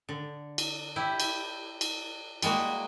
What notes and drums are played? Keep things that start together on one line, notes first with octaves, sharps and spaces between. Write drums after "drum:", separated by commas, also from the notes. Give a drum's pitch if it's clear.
D3
drum: cymbal
E4 G4
drum: cymbal
drum: cymbal
G3 G#3 A#3 F#4, drum: cymbal